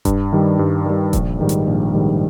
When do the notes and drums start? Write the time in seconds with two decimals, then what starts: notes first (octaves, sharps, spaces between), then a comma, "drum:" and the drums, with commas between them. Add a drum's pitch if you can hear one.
0.05 G2, drum: kick D#1, hi-hat
0.33 D#3 G3
0.59 G2
0.86 D#3 G3
1.13 A#1, drum: kick D#1, hi-hat
1.39 G#2 D#3 G3
1.49 drum: hi-hat
1.67 A#1
1.94 G#2 D#3 G3